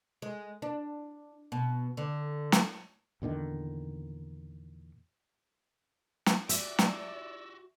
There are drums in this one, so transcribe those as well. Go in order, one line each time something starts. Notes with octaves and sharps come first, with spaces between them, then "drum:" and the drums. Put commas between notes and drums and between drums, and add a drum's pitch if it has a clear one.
G#3
D4
B2
D3
drum: snare
E2 A#2 D3 D#3
drum: snare
F#4 G4 D5 E5 E6, drum: hi-hat
drum: snare